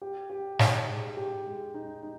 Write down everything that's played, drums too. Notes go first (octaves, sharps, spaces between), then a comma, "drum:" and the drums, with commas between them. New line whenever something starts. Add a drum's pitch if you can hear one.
G4
G4
D#4, drum: snare
G#3
G4
G#3
D#4
D#4